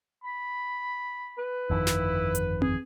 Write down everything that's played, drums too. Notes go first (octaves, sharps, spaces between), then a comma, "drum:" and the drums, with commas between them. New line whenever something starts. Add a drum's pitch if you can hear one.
B5
B4
G1 F2 D#3 E4
drum: snare
drum: hi-hat
G#4, drum: tom C4